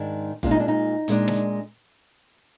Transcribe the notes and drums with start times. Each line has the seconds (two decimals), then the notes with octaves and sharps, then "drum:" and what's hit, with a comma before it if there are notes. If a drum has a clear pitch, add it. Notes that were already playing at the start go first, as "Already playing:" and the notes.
Already playing: G#2 D#3 G#3 D4
0.43 A#2 G#3 D4 F4, drum: kick F#1
0.51 D#4
0.60 D4
0.68 D#4
1.08 A#2 G#3 D4, drum: hi-hat
1.28 drum: snare